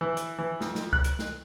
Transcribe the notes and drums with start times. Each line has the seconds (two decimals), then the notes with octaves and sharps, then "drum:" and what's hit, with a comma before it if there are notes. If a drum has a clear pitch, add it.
0.01 E3
0.17 drum: hi-hat
0.39 E3
0.61 F2, drum: snare
0.75 drum: snare
0.93 F#6, drum: kick C#2
1.04 drum: hi-hat
1.19 drum: snare